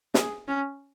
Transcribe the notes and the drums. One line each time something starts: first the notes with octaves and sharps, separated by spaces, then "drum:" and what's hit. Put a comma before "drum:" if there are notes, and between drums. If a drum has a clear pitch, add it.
G#4, drum: snare
C#4